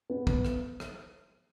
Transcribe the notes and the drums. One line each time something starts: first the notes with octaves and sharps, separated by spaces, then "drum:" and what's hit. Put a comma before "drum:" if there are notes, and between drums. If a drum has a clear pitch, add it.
B3
drum: kick
drum: rim click
drum: rim click